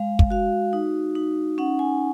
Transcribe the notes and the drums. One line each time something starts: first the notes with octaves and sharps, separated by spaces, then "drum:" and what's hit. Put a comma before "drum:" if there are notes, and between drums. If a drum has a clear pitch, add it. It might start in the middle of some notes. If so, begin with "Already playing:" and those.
Already playing: G#3 F5
drum: kick
F#4 F5
D#4
D#4
C#4 F#5
G#5